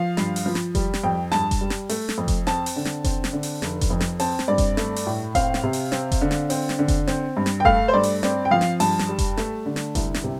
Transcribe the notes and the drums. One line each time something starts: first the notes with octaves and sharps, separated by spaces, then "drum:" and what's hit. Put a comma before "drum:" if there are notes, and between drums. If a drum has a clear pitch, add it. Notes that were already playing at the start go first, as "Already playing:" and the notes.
Already playing: F3 F5
G2, drum: snare
drum: open hi-hat
F3
drum: snare
G3, drum: kick F1, hi-hat
drum: snare
F2 G5
G2 A5, drum: snare
drum: kick F1, hi-hat
G3
drum: snare
A3, drum: open hi-hat
drum: snare
F2
drum: kick F1, hi-hat
C4 A5, drum: snare
drum: open hi-hat
D3
drum: snare
C4, drum: kick F1, hi-hat
drum: snare
D3
drum: open hi-hat
F1, drum: snare
drum: kick F1, hi-hat
F2
drum: snare
C4 A5, drum: open hi-hat
drum: snare
G2 D5
drum: kick F1, hi-hat
A3, drum: snare
drum: open hi-hat
A2
C4 F5, drum: kick F1, hi-hat
drum: snare
C3
drum: open hi-hat
C4, drum: snare
drum: kick F1, hi-hat
D3
drum: snare
C4, drum: open hi-hat
drum: snare
D3
drum: kick F1, hi-hat
C4, drum: snare
G2
drum: snare
G5
A3 F5, drum: kick F1
C5
G2 D5
drum: open hi-hat
C4 D5, drum: snare
G5
F3 F5
drum: snare
G2 A5, drum: open hi-hat
drum: snare
G3
drum: kick F1, hi-hat
A3, drum: snare
D3
drum: snare
C2, drum: kick F1, hi-hat
drum: snare
C3